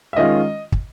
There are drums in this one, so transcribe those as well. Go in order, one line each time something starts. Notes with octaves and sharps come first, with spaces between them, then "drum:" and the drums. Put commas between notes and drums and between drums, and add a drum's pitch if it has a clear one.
E5
D#3 G#3 C#4 F4 D#5
drum: kick